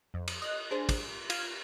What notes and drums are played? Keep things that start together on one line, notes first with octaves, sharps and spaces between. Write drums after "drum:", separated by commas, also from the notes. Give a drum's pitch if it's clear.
F2
drum: cymbal
D#5 F#6
D4 G#4 C5
drum: kick, cymbal
F4 F6 G#6, drum: cymbal